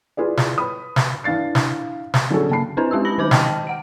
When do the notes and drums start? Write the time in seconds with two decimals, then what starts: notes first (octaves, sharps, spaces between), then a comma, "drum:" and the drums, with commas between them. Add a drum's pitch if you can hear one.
0.17 E4 F4 G#4 B4 D5
0.37 drum: snare
0.58 B4 C#5 B5 D#6
0.96 drum: snare
1.24 E3 D4 F5 A6 C7
1.55 drum: snare
2.14 drum: snare
2.30 D3 F#3 C#4 G#4 A4
2.50 C#3 A#3 A5 B5 C7
2.77 C4 D4 E4 B4 C5
2.91 G#3 C#4 G4 E6
3.05 B5 A#6 F#7
3.18 D#3 D#4 C5 D6 G6 F#7
3.31 D#5 G5 A5 F6, drum: snare
3.67 F#5 D7